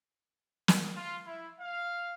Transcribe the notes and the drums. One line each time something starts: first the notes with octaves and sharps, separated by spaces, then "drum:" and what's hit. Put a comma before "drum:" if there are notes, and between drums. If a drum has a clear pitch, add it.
drum: snare
F4
E4
F5